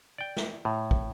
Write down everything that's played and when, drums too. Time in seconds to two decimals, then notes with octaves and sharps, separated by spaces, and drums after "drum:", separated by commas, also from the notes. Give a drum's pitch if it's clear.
0.18 D5 G5
0.37 drum: snare
0.65 A2
0.91 drum: kick